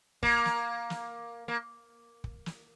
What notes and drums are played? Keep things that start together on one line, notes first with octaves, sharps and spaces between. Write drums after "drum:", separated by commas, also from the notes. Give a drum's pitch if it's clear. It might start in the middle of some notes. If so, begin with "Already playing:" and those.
A#3, drum: kick
drum: snare
drum: snare
A#3
drum: kick
drum: snare